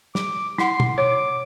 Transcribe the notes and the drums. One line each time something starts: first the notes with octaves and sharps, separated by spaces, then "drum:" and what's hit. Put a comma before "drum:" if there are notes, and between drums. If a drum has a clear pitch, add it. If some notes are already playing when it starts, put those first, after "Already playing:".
D6, drum: snare
E4 F#5 C6, drum: snare
drum: tom
C#5 D6